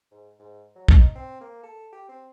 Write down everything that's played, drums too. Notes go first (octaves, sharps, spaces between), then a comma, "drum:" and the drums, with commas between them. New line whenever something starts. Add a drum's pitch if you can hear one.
G#2
G#2
F#3
D#4, drum: kick
C4
A#3
A4
G4
C4